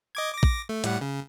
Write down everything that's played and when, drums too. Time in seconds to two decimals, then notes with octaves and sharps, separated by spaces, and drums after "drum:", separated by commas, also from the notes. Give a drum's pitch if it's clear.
0.15 D#5 D6 G#6
0.34 D6 A#6
0.43 drum: kick
0.69 A3
0.84 A2 G3 F#5, drum: hi-hat
1.01 C#3